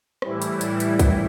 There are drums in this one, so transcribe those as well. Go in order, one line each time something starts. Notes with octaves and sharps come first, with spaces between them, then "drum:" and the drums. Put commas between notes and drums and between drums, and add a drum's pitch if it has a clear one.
A2 E3 G3 E4, drum: rim click
drum: hi-hat
drum: hi-hat
drum: hi-hat
drum: kick B1, hi-hat